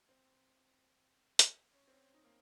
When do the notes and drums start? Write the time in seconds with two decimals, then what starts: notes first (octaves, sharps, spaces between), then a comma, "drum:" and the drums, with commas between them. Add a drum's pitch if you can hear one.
0.09 C4
1.39 drum: hi-hat
1.73 C#4
1.88 C4
1.93 C#4
2.14 D#4
2.24 A#3